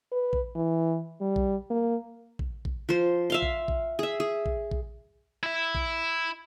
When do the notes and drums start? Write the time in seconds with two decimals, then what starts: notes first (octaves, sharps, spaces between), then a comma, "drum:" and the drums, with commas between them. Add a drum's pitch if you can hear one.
0.12 B4
0.33 drum: kick A#1
0.55 E3
1.21 G3
1.36 drum: kick A#1
1.70 A#3
2.39 drum: kick A#1
2.65 drum: kick A#1
2.89 F3 C5
3.30 E5 F5 C6
3.42 drum: kick A#1
3.68 drum: kick A#1
3.99 G#4 E5
4.20 G#4
4.46 drum: kick A#1
4.71 drum: kick A#1
5.43 E4 E5
5.75 drum: kick A#1